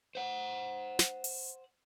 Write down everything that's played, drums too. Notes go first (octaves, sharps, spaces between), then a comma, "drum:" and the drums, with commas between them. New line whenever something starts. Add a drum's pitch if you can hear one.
C5 F#5
drum: snare
drum: open hi-hat